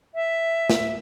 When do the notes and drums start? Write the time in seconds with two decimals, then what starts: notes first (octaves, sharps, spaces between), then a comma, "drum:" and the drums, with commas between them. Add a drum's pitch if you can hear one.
0.15 E5
0.70 drum: snare